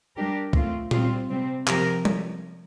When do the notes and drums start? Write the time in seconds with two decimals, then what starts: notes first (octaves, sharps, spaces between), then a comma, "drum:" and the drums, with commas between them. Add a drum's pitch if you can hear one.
0.15 G3 D4 G4 A#4
0.53 A3 C4 F4, drum: kick
0.91 G3 C4 F4, drum: tom A#2
1.29 C3 G3 C4
1.67 C3 F3 C4 G4 A#4, drum: clap
2.05 drum: tom